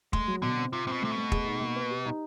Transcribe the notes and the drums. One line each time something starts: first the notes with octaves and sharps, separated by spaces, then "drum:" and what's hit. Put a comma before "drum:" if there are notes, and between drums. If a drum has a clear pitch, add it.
G#3 A3, drum: kick
F#3
B2 D3
C4
C3 F4
C3 C4
B2
C3 A3
B2
A3
G#4, drum: kick
D#4
A#3
B4
G4
D#4